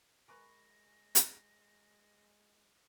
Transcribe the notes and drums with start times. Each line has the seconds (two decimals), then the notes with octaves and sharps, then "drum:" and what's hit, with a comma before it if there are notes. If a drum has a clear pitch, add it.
0.28 G#3 A#4 B4 G#5 A#5 C#6 A#6
1.15 drum: hi-hat